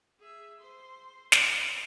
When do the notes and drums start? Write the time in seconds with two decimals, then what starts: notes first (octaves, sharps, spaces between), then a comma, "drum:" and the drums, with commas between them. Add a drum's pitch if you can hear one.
0.20 G#4 E5
0.60 C5 C6
1.32 B4, drum: snare